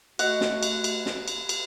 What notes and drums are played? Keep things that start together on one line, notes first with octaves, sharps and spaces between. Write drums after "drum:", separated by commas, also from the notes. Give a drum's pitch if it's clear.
A3 F#4 D#5 F#5, drum: cymbal
drum: snare
drum: cymbal
drum: cymbal
drum: snare
drum: cymbal
drum: cymbal